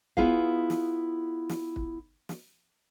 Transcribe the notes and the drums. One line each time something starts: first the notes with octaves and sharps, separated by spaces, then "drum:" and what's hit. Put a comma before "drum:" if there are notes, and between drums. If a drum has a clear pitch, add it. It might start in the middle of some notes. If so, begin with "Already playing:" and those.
B3 E4 F4 G#4 F5, drum: kick
drum: snare
drum: snare
drum: kick
drum: snare